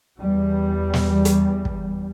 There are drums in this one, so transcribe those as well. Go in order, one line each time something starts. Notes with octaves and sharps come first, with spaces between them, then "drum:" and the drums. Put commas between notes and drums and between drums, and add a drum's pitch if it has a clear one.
E2 G3
drum: snare
drum: hi-hat
drum: kick